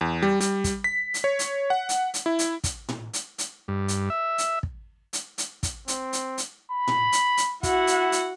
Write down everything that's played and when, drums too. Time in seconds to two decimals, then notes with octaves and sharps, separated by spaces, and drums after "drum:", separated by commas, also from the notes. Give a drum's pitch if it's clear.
0.01 E2
0.22 G3
0.40 G3, drum: hi-hat
0.64 drum: kick, hi-hat
0.84 B6
1.14 drum: hi-hat
1.24 C#5
1.39 drum: hi-hat
1.70 F#5
1.89 drum: hi-hat
2.14 drum: hi-hat
2.26 E4
2.39 drum: hi-hat
2.64 drum: kick, hi-hat
2.89 drum: tom A2
3.13 drum: hi-hat
3.38 drum: hi-hat
3.68 G2
3.88 drum: hi-hat
4.10 E5
4.38 drum: hi-hat
4.63 drum: kick
5.13 drum: hi-hat
5.38 drum: hi-hat
5.63 drum: kick, hi-hat
5.88 C4, drum: hi-hat
6.13 drum: hi-hat
6.38 drum: hi-hat
6.71 B5
6.87 drum: tom A2
7.12 drum: hi-hat
7.37 drum: hi-hat
7.63 E4 F#4 F#5, drum: kick, hi-hat
7.87 drum: hi-hat
8.12 drum: hi-hat